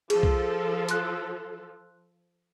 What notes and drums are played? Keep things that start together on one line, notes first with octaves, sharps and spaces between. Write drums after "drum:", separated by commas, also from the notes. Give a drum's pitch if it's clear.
F3 G#4 A4, drum: cymbal
drum: kick
C6 F#6, drum: hi-hat